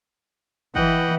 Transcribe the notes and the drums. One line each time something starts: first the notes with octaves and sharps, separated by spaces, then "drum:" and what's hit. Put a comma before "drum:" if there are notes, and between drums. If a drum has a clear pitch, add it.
E3 D#5 F#5 G5, drum: kick G1